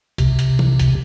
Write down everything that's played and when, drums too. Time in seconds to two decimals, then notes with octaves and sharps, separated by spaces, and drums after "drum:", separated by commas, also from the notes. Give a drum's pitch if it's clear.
0.18 C3, drum: kick B1, hi-hat
0.39 drum: hi-hat
0.59 drum: tom
0.79 drum: kick B1, hi-hat